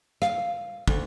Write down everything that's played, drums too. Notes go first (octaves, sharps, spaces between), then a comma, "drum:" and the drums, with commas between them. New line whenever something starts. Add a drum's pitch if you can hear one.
F5, drum: rim click
D2, drum: kick